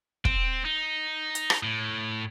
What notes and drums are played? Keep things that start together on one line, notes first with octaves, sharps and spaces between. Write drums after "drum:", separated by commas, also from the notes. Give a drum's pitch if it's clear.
C4, drum: kick
D#4
drum: hi-hat
drum: rim click
A2